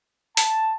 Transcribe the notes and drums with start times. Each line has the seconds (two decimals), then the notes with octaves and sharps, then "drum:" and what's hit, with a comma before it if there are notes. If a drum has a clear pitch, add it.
0.37 A5, drum: open hi-hat